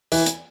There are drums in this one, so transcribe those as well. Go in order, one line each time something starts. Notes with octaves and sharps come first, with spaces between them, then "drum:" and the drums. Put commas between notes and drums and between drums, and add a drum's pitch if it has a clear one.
E3, drum: open hi-hat
drum: hi-hat